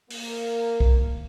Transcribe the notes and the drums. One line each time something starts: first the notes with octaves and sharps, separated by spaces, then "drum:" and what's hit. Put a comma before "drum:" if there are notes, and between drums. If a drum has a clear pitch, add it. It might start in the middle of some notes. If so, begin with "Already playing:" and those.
A#3, drum: open hi-hat
drum: kick B1